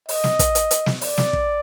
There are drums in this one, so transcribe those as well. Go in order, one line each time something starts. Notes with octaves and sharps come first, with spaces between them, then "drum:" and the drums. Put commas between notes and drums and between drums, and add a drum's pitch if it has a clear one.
D#5, drum: open hi-hat
drum: snare
drum: kick, hi-hat
drum: hi-hat
drum: hi-hat
drum: snare
D5, drum: open hi-hat
drum: snare
drum: kick